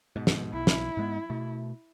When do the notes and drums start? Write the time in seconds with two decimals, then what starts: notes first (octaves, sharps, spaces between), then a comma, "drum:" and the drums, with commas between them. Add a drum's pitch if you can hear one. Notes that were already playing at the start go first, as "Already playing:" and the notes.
0.16 G#2 B2
0.27 drum: snare
0.53 B1 E4
0.67 drum: snare
0.97 G#2 G#3 B3
1.30 B2 A3